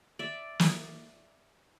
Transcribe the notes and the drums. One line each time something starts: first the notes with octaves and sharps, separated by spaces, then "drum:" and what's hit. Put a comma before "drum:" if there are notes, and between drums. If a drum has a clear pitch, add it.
D5 E5
drum: snare